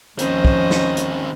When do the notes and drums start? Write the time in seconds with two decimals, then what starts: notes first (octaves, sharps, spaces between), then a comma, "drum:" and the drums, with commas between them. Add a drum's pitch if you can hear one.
0.19 D#2 D#3 F3 C4 C#4 C5 D#5, drum: hi-hat
0.45 drum: kick
0.71 drum: snare
0.97 drum: hi-hat